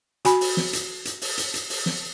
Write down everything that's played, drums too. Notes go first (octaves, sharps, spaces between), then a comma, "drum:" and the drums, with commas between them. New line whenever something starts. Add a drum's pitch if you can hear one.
F#4 G#5 B5, drum: hi-hat
drum: open hi-hat
drum: snare
drum: hi-hat
drum: hi-hat
drum: open hi-hat
drum: hi-hat
drum: hi-hat
drum: open hi-hat
drum: snare